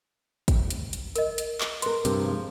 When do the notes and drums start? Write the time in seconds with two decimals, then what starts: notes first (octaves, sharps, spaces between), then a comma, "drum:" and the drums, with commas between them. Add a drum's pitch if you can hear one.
0.48 drum: kick, hi-hat
0.70 drum: hi-hat
0.93 drum: hi-hat
1.16 A#4 D#5, drum: hi-hat
1.38 drum: hi-hat
1.61 drum: clap
1.82 A#4 B4 C6, drum: hi-hat
2.05 G2 C3, drum: hi-hat
2.22 F3 G#3